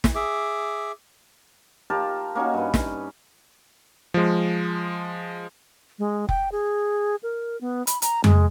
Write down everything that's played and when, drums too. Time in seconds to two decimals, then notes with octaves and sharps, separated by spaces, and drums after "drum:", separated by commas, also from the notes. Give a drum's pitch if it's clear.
0.04 drum: snare
0.15 G#4 E5 D6
1.90 F4 G4 A#4 A5
2.35 A#3 C#4 D#4 F#4
2.54 G2 B4
2.74 drum: snare
4.14 F3 G#3
5.99 G#3
6.29 G5, drum: kick F1
6.52 G#4
7.23 A#4
7.61 B3
7.87 B5, drum: hi-hat
8.02 A#5, drum: hi-hat
8.24 G#3, drum: tom F2